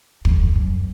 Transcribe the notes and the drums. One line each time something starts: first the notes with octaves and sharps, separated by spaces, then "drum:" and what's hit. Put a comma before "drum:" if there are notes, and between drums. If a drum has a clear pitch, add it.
F2, drum: kick
F#2